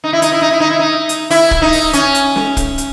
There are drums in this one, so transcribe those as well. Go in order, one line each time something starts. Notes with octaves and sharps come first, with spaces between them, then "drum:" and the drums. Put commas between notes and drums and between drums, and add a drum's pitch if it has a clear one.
D#4
E4
D#4, drum: hi-hat
E4
D#4
E4
D#4
E4
D#4
drum: hi-hat
E4, drum: open hi-hat
drum: kick
D#4
drum: open hi-hat
C#4, drum: hi-hat
drum: hi-hat
drum: snare
drum: kick, hi-hat
drum: hi-hat